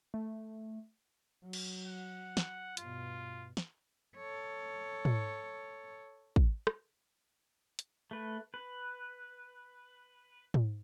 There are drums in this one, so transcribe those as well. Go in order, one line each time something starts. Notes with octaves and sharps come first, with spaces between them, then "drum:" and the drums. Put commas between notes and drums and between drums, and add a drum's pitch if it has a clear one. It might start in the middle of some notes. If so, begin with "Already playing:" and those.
A3
F#3
drum: cymbal
F#5
drum: snare
G2 B2 F4, drum: hi-hat
drum: snare
A4 C#5
drum: tom
drum: kick
drum: rim click
drum: hi-hat
A3 B4
B4
drum: tom